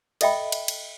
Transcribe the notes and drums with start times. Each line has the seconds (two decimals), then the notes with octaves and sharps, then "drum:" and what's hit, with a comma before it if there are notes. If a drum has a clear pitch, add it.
0.21 A4 D#5 E5 G5 B5, drum: cymbal
0.52 drum: cymbal
0.68 drum: cymbal